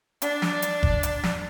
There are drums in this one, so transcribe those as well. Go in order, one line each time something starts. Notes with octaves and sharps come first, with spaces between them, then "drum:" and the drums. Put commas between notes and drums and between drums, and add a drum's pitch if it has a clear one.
D4, drum: hi-hat
drum: snare
drum: hi-hat
drum: kick
drum: hi-hat
drum: snare